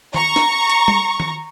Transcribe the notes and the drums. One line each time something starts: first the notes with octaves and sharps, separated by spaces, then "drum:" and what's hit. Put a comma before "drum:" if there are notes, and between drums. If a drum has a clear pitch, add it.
A#5 C#6, drum: tom D#3
drum: snare
drum: hi-hat
drum: tom G3
drum: tom D#3